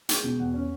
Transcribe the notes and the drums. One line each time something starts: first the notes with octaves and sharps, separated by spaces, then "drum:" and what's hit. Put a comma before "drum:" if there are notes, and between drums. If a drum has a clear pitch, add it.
G#3 G5, drum: hi-hat
B2
E2 F#5
C#4